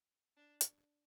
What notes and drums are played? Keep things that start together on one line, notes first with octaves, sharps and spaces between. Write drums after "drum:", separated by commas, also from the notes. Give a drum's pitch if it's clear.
D4
drum: hi-hat